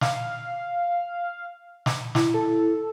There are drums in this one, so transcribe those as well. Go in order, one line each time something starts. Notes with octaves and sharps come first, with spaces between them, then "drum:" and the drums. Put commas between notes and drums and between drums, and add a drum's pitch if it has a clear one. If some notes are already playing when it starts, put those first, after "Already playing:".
F5, drum: snare
drum: snare
E4, drum: snare
A4